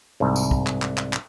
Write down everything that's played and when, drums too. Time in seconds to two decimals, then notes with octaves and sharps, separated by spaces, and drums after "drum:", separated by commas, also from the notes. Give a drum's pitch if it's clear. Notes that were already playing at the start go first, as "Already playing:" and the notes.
0.20 C2 G#2
0.36 drum: tambourine
0.51 drum: kick
0.67 drum: clap
0.82 drum: clap
0.98 drum: clap
1.13 drum: clap